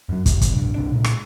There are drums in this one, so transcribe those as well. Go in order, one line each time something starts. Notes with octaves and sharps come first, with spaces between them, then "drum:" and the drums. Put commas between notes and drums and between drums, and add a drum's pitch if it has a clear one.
F#2 F#3
F1 C2 C3 G3, drum: kick, hi-hat
drum: kick, hi-hat
A#1 G2
C2 C3 D4
A#2 G#3
drum: rim click